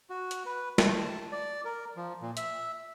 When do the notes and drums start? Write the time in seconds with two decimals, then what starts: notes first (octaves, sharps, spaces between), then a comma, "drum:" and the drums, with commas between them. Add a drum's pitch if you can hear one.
0.10 F#4
0.31 drum: hi-hat
0.46 B4
0.78 A3, drum: snare
0.98 A5
1.32 D5
1.65 A#4
1.97 F3
2.22 A#2
2.37 E5, drum: hi-hat